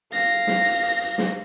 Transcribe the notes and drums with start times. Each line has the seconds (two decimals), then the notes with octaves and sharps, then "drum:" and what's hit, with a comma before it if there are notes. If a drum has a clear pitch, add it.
0.12 F5 A#6, drum: hi-hat
0.47 drum: snare
0.65 drum: hi-hat
0.83 drum: hi-hat
1.00 drum: hi-hat
1.18 drum: snare